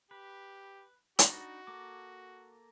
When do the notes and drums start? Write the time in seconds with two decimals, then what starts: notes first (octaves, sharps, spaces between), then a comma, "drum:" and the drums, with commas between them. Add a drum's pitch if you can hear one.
0.11 G4 B4
1.19 D4 D#4 F#4 B5, drum: hi-hat
1.67 A#3 A4 D6